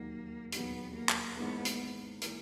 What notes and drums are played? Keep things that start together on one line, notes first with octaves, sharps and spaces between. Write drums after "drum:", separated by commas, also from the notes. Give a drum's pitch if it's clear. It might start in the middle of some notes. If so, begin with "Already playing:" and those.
Already playing: E1 D#2 D#3 F#3 A#3
E1 D#2 D#3 F#3 B3, drum: hi-hat
A#3
drum: clap
G#1 G#2 E3 A#3 B3
drum: hi-hat
E3 A#3, drum: hi-hat